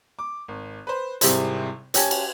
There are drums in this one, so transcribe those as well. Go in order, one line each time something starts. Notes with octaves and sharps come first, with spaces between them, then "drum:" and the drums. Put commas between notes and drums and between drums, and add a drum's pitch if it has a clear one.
D6
G#1
B4 C5
G#1 C3 G3 E4 G#4 C5, drum: hi-hat
C#4 G4 G#5 A5 G#6, drum: hi-hat
drum: cymbal